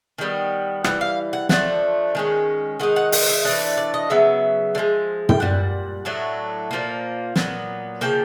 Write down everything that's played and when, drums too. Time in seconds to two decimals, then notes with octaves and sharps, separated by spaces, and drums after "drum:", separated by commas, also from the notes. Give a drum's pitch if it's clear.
0.18 D#3 G3 B3
0.84 E3 G3 F#5, drum: rim click
1.01 F5
1.33 F#5
1.49 F3 A3 D4 F#5, drum: snare
2.15 D#3 G#3 C#4
2.80 D#3 G#3 D#4 F#5
2.96 F#5
3.12 F#5, drum: open hi-hat
3.29 E5
3.45 E3 A3 D4 D#5
3.62 D5
3.77 D5
3.94 D#5
4.10 C#3 F#3 B3 E5
4.75 D3
4.78 F3 G#3
5.29 G5, drum: tom
5.40 A#2 G3 F#5
6.05 A2 F#3 A3 D4
6.71 A#2 F3 A#3
7.36 A#2 F#3 B3, drum: snare
8.01 C#3 F3 A#3 G5